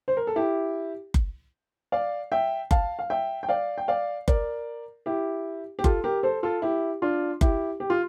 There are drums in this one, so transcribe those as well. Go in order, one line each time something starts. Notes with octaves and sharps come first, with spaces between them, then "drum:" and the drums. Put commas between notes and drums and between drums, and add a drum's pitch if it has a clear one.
C5
A#4
A4
E4 G4
drum: kick F#1
D5 F5
E5 G5
F5 A5, drum: kick F#1
F5
E5 G5
G5
D5 F5
G5
D5 F5
A#4 D5, drum: kick F#1
E4 G4
G4
F4 A4, drum: kick F#1
G4 A#4
A4 C5
F4 A4
E4 G4
D4 F4
E4 G4, drum: kick F#1
G4
F4